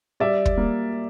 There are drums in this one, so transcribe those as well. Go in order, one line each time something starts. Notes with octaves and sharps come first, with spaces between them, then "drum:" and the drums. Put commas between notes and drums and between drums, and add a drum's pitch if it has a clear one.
G3 D5 E5
drum: kick
A#3